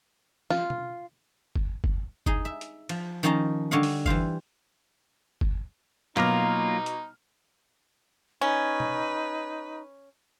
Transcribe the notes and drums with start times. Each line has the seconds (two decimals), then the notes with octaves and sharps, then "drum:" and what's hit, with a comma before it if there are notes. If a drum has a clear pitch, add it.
0.50 F4, drum: snare
0.70 drum: tom B2
1.56 drum: kick
1.84 drum: kick
2.26 D#4 G#4, drum: kick
2.45 E5
2.61 drum: hi-hat
2.89 F3, drum: cymbal
3.23 D#3 F3 C#4 D#4 F5 A#5
3.71 D3 G3 C#5 D#5 F5 F#5
3.83 drum: open hi-hat
4.06 E3 G3 C5 F5, drum: kick
5.41 drum: kick
6.17 B2 F#3 A#3 D#4 F4 A#4 D6 F6, drum: clap
6.86 drum: hi-hat
8.41 C#4 D#4 B4
8.80 drum: tom B2